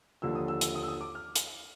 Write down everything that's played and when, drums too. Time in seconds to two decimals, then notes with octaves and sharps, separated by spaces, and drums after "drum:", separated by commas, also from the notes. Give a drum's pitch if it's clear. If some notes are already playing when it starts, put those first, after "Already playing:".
0.22 D#2 D3 F3 E6
0.35 D#6
0.48 E6
0.61 E6, drum: hi-hat
0.75 D#6
0.82 E6
0.88 D#6
1.01 D6
1.15 F6
1.36 drum: hi-hat